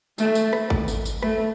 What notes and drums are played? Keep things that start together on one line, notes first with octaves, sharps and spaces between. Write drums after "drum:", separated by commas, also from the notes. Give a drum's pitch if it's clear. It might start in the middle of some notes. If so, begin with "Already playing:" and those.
A3, drum: tambourine
drum: tambourine
drum: rim click
drum: kick G#1
drum: tambourine
drum: tambourine
A3, drum: rim click